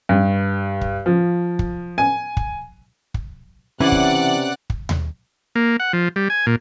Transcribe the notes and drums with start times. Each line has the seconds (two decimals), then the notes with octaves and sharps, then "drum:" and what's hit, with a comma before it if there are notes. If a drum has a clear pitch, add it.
0.09 G2
0.81 drum: kick
1.06 F3
1.59 drum: kick
1.98 G#5
2.37 drum: kick
3.14 drum: kick
3.80 C3 E3 C#4 D5 F#5 F#6
3.92 drum: kick
4.70 drum: kick
4.89 drum: tom D#2
5.56 A#3
5.80 F#5
5.93 F3
6.16 G3
6.30 G#5
6.46 A#2